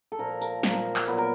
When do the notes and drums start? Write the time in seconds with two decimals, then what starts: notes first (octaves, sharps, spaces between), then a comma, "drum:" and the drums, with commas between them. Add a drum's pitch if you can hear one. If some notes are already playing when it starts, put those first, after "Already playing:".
0.12 A4
0.19 A#2 F3 A#3 A#4
0.41 A#4, drum: tambourine
0.63 A#2 F3 A#3, drum: snare
0.96 drum: clap
1.08 A#2 F#3 B3 B4
1.18 A#4